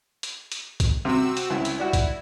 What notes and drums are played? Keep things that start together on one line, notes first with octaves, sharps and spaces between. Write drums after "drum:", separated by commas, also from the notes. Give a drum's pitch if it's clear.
drum: hi-hat
drum: hi-hat
drum: kick A#1, hi-hat
C3 C4 F#4 E6
drum: hi-hat
C#2 E4
drum: hi-hat
G3 F#4
drum: kick A#1, hi-hat